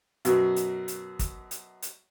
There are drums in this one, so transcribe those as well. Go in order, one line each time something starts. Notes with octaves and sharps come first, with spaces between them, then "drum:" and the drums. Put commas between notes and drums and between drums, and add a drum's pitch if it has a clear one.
F#2 B2, drum: hi-hat
drum: hi-hat
drum: hi-hat
drum: kick, hi-hat
drum: hi-hat
drum: hi-hat